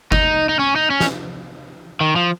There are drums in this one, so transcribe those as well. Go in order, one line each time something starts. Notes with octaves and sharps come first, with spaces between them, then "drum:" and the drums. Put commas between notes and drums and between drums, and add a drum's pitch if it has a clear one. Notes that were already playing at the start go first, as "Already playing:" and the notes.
D#4, drum: kick G1
D#4
C#4
D#4
C#4
drum: snare
D#3
F3